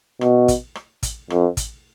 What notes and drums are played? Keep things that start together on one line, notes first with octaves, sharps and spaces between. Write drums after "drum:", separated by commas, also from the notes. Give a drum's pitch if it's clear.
B2, drum: rim click
drum: kick, hi-hat
drum: rim click
drum: kick, hi-hat
F2, drum: rim click
drum: kick, hi-hat